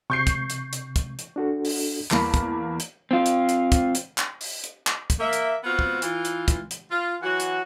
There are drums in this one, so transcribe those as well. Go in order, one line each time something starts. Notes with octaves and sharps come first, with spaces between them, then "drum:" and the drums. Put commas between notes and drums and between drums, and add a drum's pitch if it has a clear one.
C3 C#6 G6 C7
drum: kick, hi-hat
drum: hi-hat
drum: hi-hat
drum: kick, hi-hat
drum: hi-hat
D4 F#4 A4
drum: open hi-hat
E2 E3 A#3 A5 B5, drum: clap
drum: kick, hi-hat
drum: hi-hat
C4 F4
drum: hi-hat
drum: hi-hat
drum: kick, hi-hat
drum: hi-hat
drum: clap
drum: open hi-hat
drum: hi-hat
drum: clap
drum: kick, hi-hat
A#3 E5
drum: hi-hat
B3 C4 F4 F#4
drum: kick
E3 F4, drum: hi-hat
drum: hi-hat
drum: kick, hi-hat
drum: hi-hat
F4
E3 F#3 F#4
drum: hi-hat